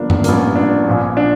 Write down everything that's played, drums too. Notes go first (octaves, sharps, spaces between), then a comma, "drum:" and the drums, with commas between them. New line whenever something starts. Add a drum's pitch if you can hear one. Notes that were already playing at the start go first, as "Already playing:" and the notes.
Already playing: G1 G2 F3 A#3 D4
drum: tom F#2
A1 G2 F3 A#3, drum: hi-hat
D4
A#1 A#2 F3
D4